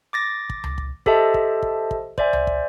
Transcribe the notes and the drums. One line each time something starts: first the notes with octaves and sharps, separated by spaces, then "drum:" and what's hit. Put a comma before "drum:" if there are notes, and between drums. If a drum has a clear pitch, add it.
D6 A6 A#6
drum: kick
drum: tom C#2
drum: kick
G4 A4 C5 D#5 E5 A5, drum: kick
drum: kick
drum: kick
drum: kick
C5 D5 E5 G#5, drum: kick
drum: tom C#2
drum: kick